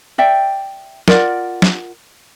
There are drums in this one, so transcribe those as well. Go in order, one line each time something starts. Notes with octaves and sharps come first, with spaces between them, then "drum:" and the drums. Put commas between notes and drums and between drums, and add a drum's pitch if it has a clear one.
D5 E5 G5
F4 A#4 D5 F#5, drum: snare
drum: snare